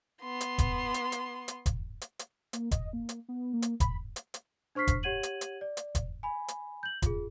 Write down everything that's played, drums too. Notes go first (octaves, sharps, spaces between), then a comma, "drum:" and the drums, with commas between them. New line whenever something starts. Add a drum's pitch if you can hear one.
B3 C6
drum: hi-hat
drum: kick E1, hi-hat
drum: hi-hat
drum: hi-hat
drum: hi-hat
drum: kick E1, hi-hat
drum: hi-hat
drum: hi-hat
A#3, drum: hi-hat
D#5, drum: kick E1, hi-hat
A#3
drum: hi-hat
B3
A#3
drum: hi-hat
B5, drum: kick E1, hi-hat
drum: hi-hat
drum: hi-hat
D4 C5 C#6 F6 B6 C7
drum: kick E1, hi-hat
G4 C#5 F#5 G#6 D#7 F#7
drum: hi-hat
drum: hi-hat
D5
drum: hi-hat
drum: kick E1, hi-hat
G#5 B5
drum: hi-hat
G6 F#7
F4 G#4, drum: kick E1, hi-hat